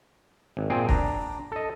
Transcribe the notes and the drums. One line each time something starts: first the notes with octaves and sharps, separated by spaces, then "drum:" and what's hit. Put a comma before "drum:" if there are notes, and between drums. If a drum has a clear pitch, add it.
G#1
A#2 C4 G#4 G5
D4 A#5, drum: kick
A4 D#5